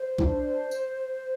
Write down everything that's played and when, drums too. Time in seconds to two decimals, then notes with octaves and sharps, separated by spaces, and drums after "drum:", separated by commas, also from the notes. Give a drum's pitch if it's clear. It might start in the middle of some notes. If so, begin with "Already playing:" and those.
Already playing: C5
0.18 E4, drum: kick B1
0.23 D4
0.71 drum: tambourine